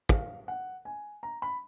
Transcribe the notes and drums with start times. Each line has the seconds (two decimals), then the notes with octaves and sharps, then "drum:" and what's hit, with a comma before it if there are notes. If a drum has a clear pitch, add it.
0.09 F5, drum: kick
0.48 F#5
0.85 G#5
1.23 A#5
1.42 B5